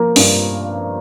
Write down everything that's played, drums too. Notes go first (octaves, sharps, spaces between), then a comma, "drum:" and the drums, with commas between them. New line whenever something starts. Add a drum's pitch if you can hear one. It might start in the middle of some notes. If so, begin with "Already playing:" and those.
Already playing: F3 A#3
G2, drum: open hi-hat